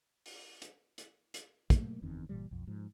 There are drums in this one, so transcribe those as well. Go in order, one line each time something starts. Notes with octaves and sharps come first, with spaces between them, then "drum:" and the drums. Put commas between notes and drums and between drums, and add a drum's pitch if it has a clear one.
drum: open hi-hat
drum: hi-hat
drum: hi-hat
drum: hi-hat
B2 F#3 A3 A#3, drum: kick, hi-hat
F#1 E2 D#3 C4
G1 A#2 E3 G3
B1 F2
G#2 F3